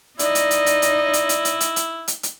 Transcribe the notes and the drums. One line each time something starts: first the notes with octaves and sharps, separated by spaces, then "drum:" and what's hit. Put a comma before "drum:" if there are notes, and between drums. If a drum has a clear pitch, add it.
D#4 E4 D5 D#5, drum: hi-hat
drum: hi-hat
drum: hi-hat
drum: hi-hat
drum: hi-hat
drum: hi-hat
drum: hi-hat
drum: hi-hat
drum: hi-hat
drum: hi-hat
drum: hi-hat
drum: hi-hat